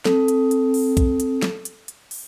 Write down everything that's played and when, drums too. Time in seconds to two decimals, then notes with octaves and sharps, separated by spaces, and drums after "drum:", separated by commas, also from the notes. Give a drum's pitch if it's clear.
0.05 C4 A4, drum: snare
0.28 drum: hi-hat
0.51 drum: hi-hat
0.74 drum: open hi-hat
0.97 drum: kick B1, hi-hat
1.20 drum: hi-hat
1.43 drum: snare
1.65 drum: hi-hat
1.88 drum: hi-hat
2.11 drum: open hi-hat